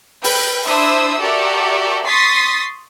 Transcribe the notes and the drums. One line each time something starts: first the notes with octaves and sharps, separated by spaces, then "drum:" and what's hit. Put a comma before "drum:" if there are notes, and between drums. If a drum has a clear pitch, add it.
B4 G5, drum: open hi-hat
D4 E4 C5 E5 D#6 E6
F#4 G4 A4 A#4 D5 E5
C6 C#6 D#6 A6 B6 C7